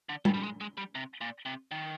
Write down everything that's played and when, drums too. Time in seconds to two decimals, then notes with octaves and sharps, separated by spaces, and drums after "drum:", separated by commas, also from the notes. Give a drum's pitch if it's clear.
0.09 D3
0.25 D#3, drum: tom G3
0.34 G3
0.43 G#3
0.61 G#3
0.77 G3
0.95 C3
1.21 A#2
1.46 C3
1.71 D#3